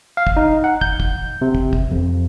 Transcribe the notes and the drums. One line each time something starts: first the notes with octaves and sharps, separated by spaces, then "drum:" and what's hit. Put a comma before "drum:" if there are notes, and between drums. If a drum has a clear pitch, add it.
F5
drum: kick
D#4
F#5
G6, drum: kick
drum: kick
C3
drum: kick
drum: kick
F2